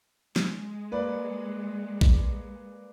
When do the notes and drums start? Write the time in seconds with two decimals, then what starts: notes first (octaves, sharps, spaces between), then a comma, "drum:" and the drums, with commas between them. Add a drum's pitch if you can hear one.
0.36 G#3, drum: snare
0.91 A#3 B4 D5
2.01 drum: kick A#1